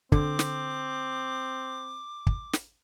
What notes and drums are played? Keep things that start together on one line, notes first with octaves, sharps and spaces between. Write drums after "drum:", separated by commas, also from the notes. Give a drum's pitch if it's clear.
D3 C4 D6, drum: kick
drum: snare
drum: kick
drum: snare